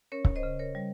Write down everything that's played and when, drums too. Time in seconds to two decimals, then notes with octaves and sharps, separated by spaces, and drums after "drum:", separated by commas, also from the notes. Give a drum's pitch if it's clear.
0.12 C#4 A#4 C#5
0.25 drum: kick C#1
0.36 C5 D#5
0.43 C#3
0.59 A#4 C#5
0.75 G3